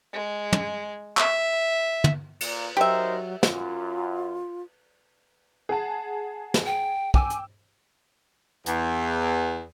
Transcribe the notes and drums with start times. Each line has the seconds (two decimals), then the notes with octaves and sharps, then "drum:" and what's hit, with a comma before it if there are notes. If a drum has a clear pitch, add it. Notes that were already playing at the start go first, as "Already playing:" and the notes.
0.13 G#3
0.53 drum: tom
1.17 E5, drum: clap
2.04 drum: tom
2.40 A#2, drum: cymbal
2.77 F#3 D#4 G4 A#4 C5 E5
3.43 F#2 F4, drum: snare
5.69 G#4 F#5 A5
6.54 drum: snare
6.66 G5
7.14 G5 G#5 D6 E6, drum: kick
7.30 drum: hi-hat
8.66 E2, drum: hi-hat